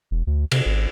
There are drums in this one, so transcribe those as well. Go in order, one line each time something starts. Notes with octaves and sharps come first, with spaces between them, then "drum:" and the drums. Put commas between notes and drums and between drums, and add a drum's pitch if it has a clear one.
E1
D2
C3, drum: cymbal
G#1